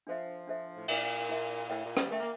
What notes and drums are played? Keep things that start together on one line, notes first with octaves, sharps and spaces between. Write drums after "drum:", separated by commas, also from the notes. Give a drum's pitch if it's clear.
F3 D4 A4 C5 E5
D4 A4 C5 E5
A2
A#2 E4 A#4 E5, drum: cymbal
E4 A#4 E5
A2 A#4 E5 G5
A#2
G3, drum: rim click
A3 A#4 E5 G5
A#3